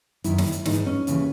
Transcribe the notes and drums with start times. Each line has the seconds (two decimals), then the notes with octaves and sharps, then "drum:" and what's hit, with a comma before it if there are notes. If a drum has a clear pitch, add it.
0.24 F#2 D#3 E4, drum: hi-hat
0.38 drum: snare
0.52 drum: hi-hat
0.66 G#2 E3 D#4, drum: snare
0.86 C#4
1.07 D#2 C#3 E3, drum: hi-hat